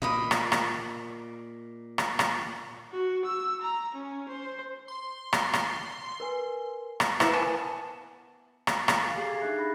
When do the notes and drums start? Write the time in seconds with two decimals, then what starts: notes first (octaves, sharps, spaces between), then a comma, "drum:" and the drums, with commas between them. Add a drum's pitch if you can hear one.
0.02 A#2 D#5 B5 D#6
0.31 drum: rim click
0.52 drum: rim click
1.98 drum: rim click
2.19 drum: rim click
2.91 F#4
3.25 E6
3.62 A#5
3.94 C#4
4.28 C5
4.88 C6
5.33 drum: rim click
5.54 drum: rim click
6.20 A#4 B4 G#5
7.00 drum: rim click
7.20 A#3 B3 E4, drum: rim click
7.34 B3 G#5 A5
8.67 drum: rim click
8.88 drum: rim click
9.03 A4 F5 G#5
9.16 G4 G#4 D6 A6 C7
9.28 G#6 A#6
9.42 D4 D#4 G#4 E5 F#6
9.58 F#5 B5 A#6